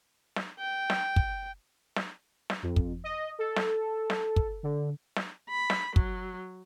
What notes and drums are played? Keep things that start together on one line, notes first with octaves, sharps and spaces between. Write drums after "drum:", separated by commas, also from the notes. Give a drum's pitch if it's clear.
drum: snare
G5
drum: snare
drum: kick
drum: snare
drum: snare
F2
drum: kick
D#5
A4
drum: snare
drum: snare
drum: kick
D3
drum: snare
B5
drum: snare
F#3, drum: kick